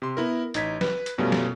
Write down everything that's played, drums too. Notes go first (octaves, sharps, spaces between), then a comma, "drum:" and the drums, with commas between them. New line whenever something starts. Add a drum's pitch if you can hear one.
C3 C6
B3 E4 A#4
A1 D#4 G#6 B6, drum: hi-hat
B4, drum: snare
drum: hi-hat
F#2 B2 G3 A3 C#4 F4
drum: snare